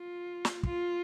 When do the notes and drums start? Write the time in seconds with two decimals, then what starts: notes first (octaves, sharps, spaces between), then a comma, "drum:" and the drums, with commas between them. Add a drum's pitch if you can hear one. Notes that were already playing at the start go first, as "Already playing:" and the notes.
Already playing: F4
0.45 drum: snare
0.63 F4, drum: kick